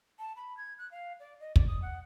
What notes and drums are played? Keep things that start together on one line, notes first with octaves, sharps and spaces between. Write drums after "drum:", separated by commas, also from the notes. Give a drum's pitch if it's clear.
A5
B5
G#6
F#6
F5
D5
D#5
D5, drum: kick
D#6
F#5